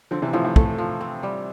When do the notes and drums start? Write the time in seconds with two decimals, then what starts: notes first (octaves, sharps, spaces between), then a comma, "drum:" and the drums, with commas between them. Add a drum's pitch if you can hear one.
0.11 D3 F3 C4
0.22 C3 E3
0.33 A2 C3 F3
0.45 A2
0.56 A3, drum: kick
0.78 F3
1.01 C4
1.23 G3